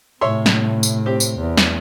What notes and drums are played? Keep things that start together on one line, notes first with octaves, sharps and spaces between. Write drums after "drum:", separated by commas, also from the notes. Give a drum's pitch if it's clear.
A2 C3 C#5 E5 C6
drum: snare
drum: tambourine
C4 G4
drum: tambourine
E2
drum: snare